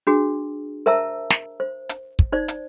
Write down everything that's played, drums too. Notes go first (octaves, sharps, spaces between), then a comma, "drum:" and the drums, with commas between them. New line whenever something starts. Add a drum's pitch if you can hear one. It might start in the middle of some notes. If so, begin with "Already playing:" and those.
D4 F#4 G#4
A#4 C5 E5 A5 A#5 E6
drum: snare
C5
drum: hi-hat
drum: kick
D#4 C5 D5
drum: hi-hat